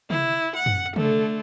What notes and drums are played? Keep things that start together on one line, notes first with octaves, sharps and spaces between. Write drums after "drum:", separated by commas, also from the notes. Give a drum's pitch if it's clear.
E4, drum: tom
F#5
drum: tom
D3 A3, drum: tom